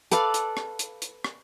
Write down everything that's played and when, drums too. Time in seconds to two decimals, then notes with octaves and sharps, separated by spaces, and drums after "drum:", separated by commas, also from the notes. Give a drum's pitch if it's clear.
0.11 A4 B4 D5 F5, drum: hi-hat
0.34 drum: hi-hat
0.57 drum: rim click
0.79 drum: hi-hat
1.02 drum: hi-hat
1.24 drum: rim click